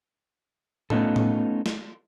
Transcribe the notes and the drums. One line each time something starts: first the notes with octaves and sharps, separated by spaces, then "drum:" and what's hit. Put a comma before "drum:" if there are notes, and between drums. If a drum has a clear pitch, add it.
A3 B3 C#4 D#4 F4 A4, drum: tom A2
drum: tom A2
drum: snare